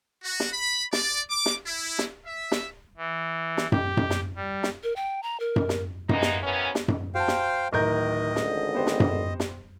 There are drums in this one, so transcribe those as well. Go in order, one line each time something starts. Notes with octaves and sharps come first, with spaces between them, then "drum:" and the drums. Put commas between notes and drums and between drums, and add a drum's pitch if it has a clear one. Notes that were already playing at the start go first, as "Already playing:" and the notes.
F#4
drum: snare
B5
D5, drum: snare
D6
drum: snare
E4
drum: snare
E5
drum: snare
E3
drum: snare
G4, drum: tom F#2
drum: tom F#2
drum: snare
G3
drum: snare
A#4
G5
A#5
A#4
drum: tom F#2
drum: snare
E3 G#3 A#3 B3 D#4, drum: tom F#2
drum: snare
C3 E3 A#3 B3 C#4
drum: snare
drum: tom F#2
F#4 C5 F5 G5 A5
drum: snare
D1 D#3 A#4 D#5 G6
G#1 C#2 D3, drum: snare
B3 G4 C5
drum: snare
drum: tom F#2
drum: snare